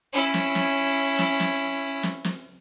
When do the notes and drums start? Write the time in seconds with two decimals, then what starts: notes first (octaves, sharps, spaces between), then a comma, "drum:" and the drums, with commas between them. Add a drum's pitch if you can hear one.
0.13 C#4 E4
0.34 drum: snare
0.55 drum: snare
1.19 drum: snare
1.40 drum: snare
2.03 drum: snare
2.24 drum: snare